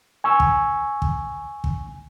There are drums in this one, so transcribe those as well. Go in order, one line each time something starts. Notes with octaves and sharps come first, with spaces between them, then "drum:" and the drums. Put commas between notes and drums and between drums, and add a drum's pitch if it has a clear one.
G#5 C#6 E6
drum: kick
drum: kick
drum: kick